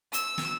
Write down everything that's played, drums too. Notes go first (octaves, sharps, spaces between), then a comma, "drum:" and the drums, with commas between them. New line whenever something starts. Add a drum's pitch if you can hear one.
E6, drum: hi-hat
drum: snare